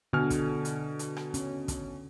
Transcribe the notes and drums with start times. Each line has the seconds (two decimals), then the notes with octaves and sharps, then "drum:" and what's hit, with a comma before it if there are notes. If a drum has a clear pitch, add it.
0.13 B2 D3 G#5 F6
0.30 drum: kick, hi-hat
0.65 drum: hi-hat
0.99 drum: hi-hat
1.16 drum: rim click
1.34 C#4, drum: hi-hat
1.68 drum: kick, hi-hat